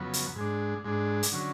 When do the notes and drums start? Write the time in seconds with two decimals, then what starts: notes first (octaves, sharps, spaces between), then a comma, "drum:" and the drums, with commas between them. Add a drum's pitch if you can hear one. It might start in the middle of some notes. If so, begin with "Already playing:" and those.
Already playing: F2 C#3 F#3 B3
0.13 drum: hi-hat
0.36 G#2 G#3 D4
0.85 G#2 G#3 D4
1.23 drum: hi-hat
1.32 D3 F#3 C#4